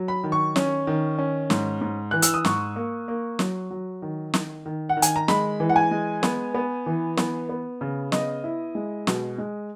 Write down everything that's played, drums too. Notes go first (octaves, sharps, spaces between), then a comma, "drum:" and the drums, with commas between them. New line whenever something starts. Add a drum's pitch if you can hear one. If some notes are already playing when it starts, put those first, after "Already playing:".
Already playing: F#3
B5
D#3
C#6
C#4, drum: snare
D#3
C#4
G#2, drum: snare
G#2
E3 F#6
E6, drum: hi-hat
D#6
G#2 C#6, drum: snare
A#3
A#3
F#3, drum: snare
F#3
D#3
D#3, drum: snare
D#3
F#5
D#3
G#5, drum: hi-hat
A#5
G#3 B5, drum: snare
E3
F#5
G#5
G#3
B3, drum: snare
B3
E3
B3, drum: snare
B3
C#3
B3 D#5, drum: snare
E4
G#3
B2, drum: snare
G#3